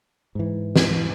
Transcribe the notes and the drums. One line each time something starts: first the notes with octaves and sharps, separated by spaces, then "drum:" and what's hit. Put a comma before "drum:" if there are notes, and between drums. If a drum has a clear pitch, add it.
G#2 E3
drum: snare